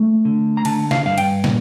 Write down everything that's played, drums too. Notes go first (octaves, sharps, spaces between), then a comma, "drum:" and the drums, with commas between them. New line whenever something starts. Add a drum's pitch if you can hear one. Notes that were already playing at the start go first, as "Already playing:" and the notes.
Already playing: A3
D3
A#5
D3 A5, drum: cymbal
F5, drum: snare
G2 F5
G5, drum: cymbal
A#2, drum: snare